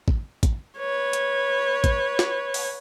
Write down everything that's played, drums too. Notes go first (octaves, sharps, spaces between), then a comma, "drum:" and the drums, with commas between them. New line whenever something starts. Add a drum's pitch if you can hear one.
drum: kick A1
drum: kick A1, hi-hat
B4 C#5
drum: hi-hat
drum: kick A1, hi-hat
drum: snare
drum: open hi-hat